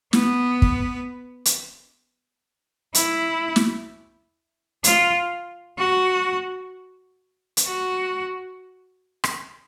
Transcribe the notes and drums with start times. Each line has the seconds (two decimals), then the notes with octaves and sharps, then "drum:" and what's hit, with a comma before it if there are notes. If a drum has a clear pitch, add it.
0.13 B3, drum: snare
0.62 drum: kick
1.45 drum: hi-hat
2.95 E4, drum: hi-hat
3.56 drum: snare
4.84 F4, drum: hi-hat
5.78 F#4
7.57 drum: hi-hat
7.66 F#4
9.24 drum: rim click